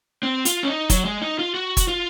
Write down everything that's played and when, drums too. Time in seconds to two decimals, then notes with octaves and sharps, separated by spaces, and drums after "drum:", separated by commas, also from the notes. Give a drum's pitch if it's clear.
0.23 C4
0.45 F4, drum: hi-hat
0.63 C#4
0.67 D#4
0.90 F#3, drum: kick, hi-hat
1.05 G#3
1.22 D#4
1.39 F4
1.54 F#4
1.77 drum: kick, hi-hat
1.88 F4